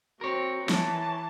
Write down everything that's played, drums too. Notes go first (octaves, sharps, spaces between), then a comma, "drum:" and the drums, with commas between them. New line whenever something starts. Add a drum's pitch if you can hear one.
C4 F#4 A#4 C#5
E3 A5, drum: snare